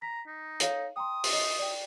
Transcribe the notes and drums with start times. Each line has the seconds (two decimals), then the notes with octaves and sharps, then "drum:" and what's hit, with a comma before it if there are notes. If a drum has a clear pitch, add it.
0.02 A#5 B6
0.27 D#4
0.60 A4 C#5 F5, drum: hi-hat
0.96 G5 A#5 C6 D#6
1.24 drum: open hi-hat
1.33 D#5 C7
1.59 D5 G5